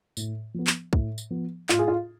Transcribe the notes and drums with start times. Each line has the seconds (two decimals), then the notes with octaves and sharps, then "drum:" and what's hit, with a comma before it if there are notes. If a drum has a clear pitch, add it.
0.17 A2, drum: tambourine
0.54 F3 B3
0.67 drum: clap
0.93 A2, drum: kick
1.18 drum: tambourine
1.30 F3 B3
1.69 A2 F4, drum: clap
1.79 G#4
1.88 F4